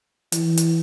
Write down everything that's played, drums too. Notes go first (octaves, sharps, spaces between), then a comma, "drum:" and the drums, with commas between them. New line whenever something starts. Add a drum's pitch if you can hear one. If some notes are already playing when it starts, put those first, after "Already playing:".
E3, drum: hi-hat
drum: hi-hat